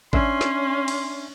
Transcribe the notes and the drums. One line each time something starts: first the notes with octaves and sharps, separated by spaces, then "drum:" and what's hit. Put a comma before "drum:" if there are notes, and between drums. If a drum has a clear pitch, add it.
C#4 D4 E5 G#5 C6, drum: kick A1
drum: snare
drum: cymbal